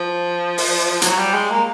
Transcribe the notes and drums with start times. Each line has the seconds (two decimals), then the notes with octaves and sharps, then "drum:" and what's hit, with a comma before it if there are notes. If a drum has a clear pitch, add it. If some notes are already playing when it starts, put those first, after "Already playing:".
Already playing: F3
0.58 drum: open hi-hat
1.02 F#3, drum: hi-hat
1.18 G3
1.34 G#3
1.51 A#3